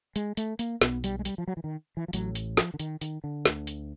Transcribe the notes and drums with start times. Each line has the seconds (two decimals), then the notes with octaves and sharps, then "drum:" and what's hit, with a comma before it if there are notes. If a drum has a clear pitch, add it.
0.16 G#3, drum: hi-hat
0.37 A3, drum: hi-hat
0.59 A#3, drum: hi-hat
0.82 B1 B2 B3, drum: snare
1.04 G3, drum: hi-hat
1.19 G#3
1.25 G3, drum: hi-hat
1.38 F3
1.47 F#3
1.57 E3
1.64 D#3
1.97 E3
2.08 F3
2.13 A1 A2 F#3, drum: hi-hat
2.35 drum: hi-hat
2.57 F3, drum: snare
2.74 D3
2.80 D#3, drum: hi-hat
3.01 D#3, drum: hi-hat
3.24 D3
3.45 D2 D3, drum: snare
3.67 drum: hi-hat